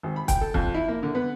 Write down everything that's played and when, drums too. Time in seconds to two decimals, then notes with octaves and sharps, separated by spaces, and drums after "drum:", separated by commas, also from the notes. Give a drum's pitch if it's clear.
0.03 G#1
0.16 B5
0.28 G5, drum: kick C#1, hi-hat
0.41 A4
0.54 F2, drum: kick C#1
0.74 E4
0.88 A#3
1.03 D3
1.15 B3